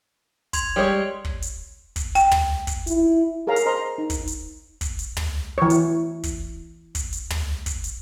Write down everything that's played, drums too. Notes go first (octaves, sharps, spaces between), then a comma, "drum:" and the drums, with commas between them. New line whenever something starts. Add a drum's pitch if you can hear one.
C6 G#6 F7, drum: kick, hi-hat
G3 G#3 C#5
drum: kick
drum: hi-hat
drum: kick, hi-hat
G5, drum: hi-hat
drum: tom
drum: kick, hi-hat
E4, drum: hi-hat
G#4 A#4 C#5 F5 A#5
drum: hi-hat
C5 D#5 A#5 C6
D#4
drum: kick, hi-hat
drum: hi-hat
drum: kick, hi-hat
drum: hi-hat
drum: tom
E3 C#5
drum: hi-hat
drum: kick, hi-hat
drum: kick, hi-hat
drum: hi-hat
drum: tom
drum: kick, hi-hat
drum: hi-hat